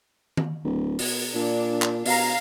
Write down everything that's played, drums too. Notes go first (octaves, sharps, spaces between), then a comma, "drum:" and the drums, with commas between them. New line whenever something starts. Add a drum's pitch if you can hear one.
drum: tom D#3
D1
B2, drum: open hi-hat
A#2 D4
drum: clap
B2 F5 A#5, drum: open hi-hat